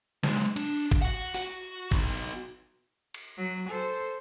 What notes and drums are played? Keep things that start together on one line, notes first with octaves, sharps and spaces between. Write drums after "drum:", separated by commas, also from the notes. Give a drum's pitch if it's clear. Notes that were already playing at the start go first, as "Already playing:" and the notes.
F#3 G#3, drum: snare
D4, drum: cymbal
drum: kick
F#4 F#5
F#4, drum: open hi-hat
D#4 F#4, drum: kick
drum: cymbal
F#3
A4 C5